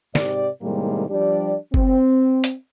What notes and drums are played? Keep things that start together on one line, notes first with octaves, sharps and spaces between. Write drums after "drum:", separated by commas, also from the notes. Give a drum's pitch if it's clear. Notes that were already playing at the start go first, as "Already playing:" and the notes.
G#2 C3 G4 D5, drum: snare
A2 C3 D#3 G3 G#3 A#3
F3 G3 D4 G4 D5
C4, drum: kick
drum: hi-hat